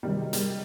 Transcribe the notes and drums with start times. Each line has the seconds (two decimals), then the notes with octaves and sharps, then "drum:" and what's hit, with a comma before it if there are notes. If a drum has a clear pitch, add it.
0.03 C3 D#3 F#3 G3
0.18 G#3
0.33 G3, drum: hi-hat